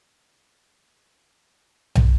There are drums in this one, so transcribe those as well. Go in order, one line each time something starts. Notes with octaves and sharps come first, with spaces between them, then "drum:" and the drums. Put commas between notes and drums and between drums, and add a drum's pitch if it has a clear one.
C3
D3
A#2
drum: tom B1